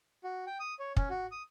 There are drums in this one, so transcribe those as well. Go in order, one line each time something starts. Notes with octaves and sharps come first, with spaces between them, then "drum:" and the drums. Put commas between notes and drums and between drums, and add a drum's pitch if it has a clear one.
F#4
G5
D#6
C#5
C#4, drum: kick
F#4
D#6